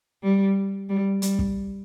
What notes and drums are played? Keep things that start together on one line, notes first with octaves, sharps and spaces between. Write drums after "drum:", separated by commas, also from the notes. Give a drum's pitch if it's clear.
G3
G3
G3, drum: hi-hat
drum: kick